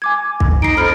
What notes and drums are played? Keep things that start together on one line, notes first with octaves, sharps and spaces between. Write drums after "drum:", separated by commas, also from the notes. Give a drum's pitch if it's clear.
G#5 D6 G#6
drum: kick
D#4 C7 D7
F2 B5 F6 D7